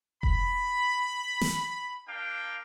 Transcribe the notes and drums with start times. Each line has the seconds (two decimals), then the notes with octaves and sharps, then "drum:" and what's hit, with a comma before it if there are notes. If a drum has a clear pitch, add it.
0.23 B5, drum: kick F1
1.41 drum: snare
2.07 A#3 D4 F5 G5